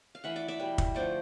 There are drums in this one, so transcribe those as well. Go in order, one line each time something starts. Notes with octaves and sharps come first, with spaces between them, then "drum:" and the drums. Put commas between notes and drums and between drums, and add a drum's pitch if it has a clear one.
F5
E3 A3 E5 F#5
D5 E5
D5 E5
B2 G3 B3
drum: kick
D3 F3 A3 C5 D5